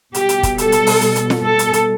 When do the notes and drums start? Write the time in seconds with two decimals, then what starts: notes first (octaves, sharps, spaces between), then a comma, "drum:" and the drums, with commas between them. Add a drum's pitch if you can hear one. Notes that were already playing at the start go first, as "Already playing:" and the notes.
0.14 B2 G3 G4, drum: hi-hat
0.29 drum: hi-hat
0.43 drum: kick, hi-hat
0.58 A4, drum: hi-hat
0.72 drum: hi-hat
0.87 drum: open hi-hat
1.01 drum: hi-hat
1.16 drum: hi-hat
1.30 drum: snare
1.44 A4
1.59 drum: hi-hat
1.73 drum: hi-hat